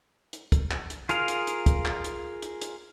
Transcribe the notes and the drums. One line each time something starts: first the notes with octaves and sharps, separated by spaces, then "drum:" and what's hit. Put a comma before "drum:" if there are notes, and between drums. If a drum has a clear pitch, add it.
drum: hi-hat
drum: kick, hi-hat
drum: clap
drum: hi-hat
F4 G#4 A#4 F5, drum: hi-hat
drum: hi-hat
drum: hi-hat
drum: kick, hi-hat
drum: clap
drum: hi-hat
drum: hi-hat
drum: hi-hat